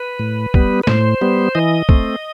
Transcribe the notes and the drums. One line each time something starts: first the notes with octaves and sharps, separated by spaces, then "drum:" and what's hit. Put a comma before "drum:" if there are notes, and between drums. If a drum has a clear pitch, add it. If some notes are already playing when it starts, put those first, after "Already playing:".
Already playing: B4
A2
G3 B3, drum: kick
B4
A2 C5, drum: snare
G3 B3
E3 D#5
A3 C4, drum: kick